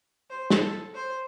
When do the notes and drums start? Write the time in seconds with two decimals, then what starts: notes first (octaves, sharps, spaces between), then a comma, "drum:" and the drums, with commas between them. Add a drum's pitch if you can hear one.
0.30 C5
0.50 drum: snare
0.62 A4
0.94 C5